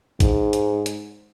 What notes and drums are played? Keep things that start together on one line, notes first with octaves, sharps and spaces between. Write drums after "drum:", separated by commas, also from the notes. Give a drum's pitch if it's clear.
G#2, drum: kick A1, hi-hat
drum: hi-hat
drum: hi-hat